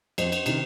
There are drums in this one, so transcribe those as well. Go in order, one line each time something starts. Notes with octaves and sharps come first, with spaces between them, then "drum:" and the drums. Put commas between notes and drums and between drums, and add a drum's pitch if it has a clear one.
F2 C5 D#5, drum: cymbal
drum: cymbal
C3 D#3, drum: cymbal